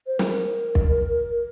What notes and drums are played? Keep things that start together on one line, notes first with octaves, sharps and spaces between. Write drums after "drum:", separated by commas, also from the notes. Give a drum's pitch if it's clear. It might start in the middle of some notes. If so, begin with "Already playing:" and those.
C5
A#4, drum: snare
drum: kick